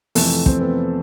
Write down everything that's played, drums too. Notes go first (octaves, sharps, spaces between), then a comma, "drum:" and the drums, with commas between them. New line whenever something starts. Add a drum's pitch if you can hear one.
F2 C3 E3 A3 A4, drum: open hi-hat
C4 C5, drum: kick
B3 B4